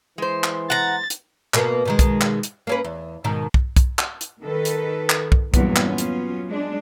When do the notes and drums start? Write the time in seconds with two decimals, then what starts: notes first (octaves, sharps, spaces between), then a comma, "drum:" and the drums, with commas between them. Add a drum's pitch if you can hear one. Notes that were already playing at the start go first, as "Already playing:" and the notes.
0.18 E3 G#3 C5
0.44 drum: clap
0.70 F#5 A#5 A6
1.10 drum: hi-hat
1.54 B2 A#3 B3, drum: clap
1.85 B2 D#3 G#3
1.99 drum: kick, hi-hat
2.21 drum: clap
2.43 drum: hi-hat
2.67 A#3 C#4 B4
2.84 E2
3.24 G#2 B2 D#3
3.54 drum: kick
3.76 drum: kick, hi-hat
3.99 drum: clap
4.21 drum: hi-hat
4.43 D#3 A4 B4
4.65 drum: hi-hat
5.10 drum: clap
5.32 drum: kick
5.54 E2 G2 A#2 E3 F#3 B3, drum: kick, hi-hat
5.76 drum: clap
5.86 F#3 B3 C#4 F4
5.98 drum: hi-hat
6.49 G#3 D4